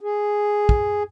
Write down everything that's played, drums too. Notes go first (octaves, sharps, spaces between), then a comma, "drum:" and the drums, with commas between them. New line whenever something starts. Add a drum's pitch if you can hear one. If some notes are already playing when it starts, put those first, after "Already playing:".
G#4
drum: kick